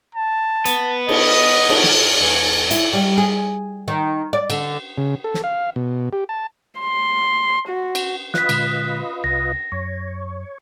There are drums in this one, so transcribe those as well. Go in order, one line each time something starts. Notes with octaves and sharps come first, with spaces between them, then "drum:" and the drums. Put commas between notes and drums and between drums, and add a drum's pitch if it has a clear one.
A5
B3, drum: hi-hat
D#5, drum: cymbal
drum: cymbal
drum: snare
E2
E4, drum: hi-hat
G3
G#4
D#3
D5
D3, drum: cymbal
C#3
A4
drum: snare
F5
B2
G4
A5
C6
F#4
drum: cymbal
F4 B4 D#5 F#6 B6, drum: snare
A#2 D3 G#3, drum: cymbal
C2 A#6
F#2 C#5